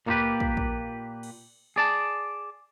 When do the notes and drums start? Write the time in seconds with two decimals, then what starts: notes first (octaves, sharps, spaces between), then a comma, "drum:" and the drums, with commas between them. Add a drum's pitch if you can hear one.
0.06 A#2 A#3 B3 F4 G4 B4, drum: tom
0.40 drum: kick
0.57 drum: kick
1.23 drum: cymbal
1.76 G#4 D5 A5